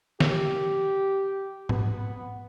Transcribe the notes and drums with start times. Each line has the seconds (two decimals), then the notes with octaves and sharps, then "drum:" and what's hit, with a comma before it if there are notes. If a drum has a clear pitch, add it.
0.20 G4, drum: snare
1.69 B3, drum: tom G#2